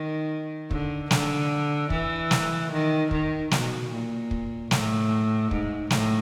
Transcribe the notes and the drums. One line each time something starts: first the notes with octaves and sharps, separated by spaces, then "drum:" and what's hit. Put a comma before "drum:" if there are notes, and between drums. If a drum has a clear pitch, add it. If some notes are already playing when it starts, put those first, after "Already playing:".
Already playing: D#3
D3, drum: kick
D3, drum: snare
E3, drum: kick
drum: snare
D#3
D#3, drum: kick
B2, drum: snare
A#2
drum: kick
A2, drum: snare
G#2, drum: kick
A2, drum: snare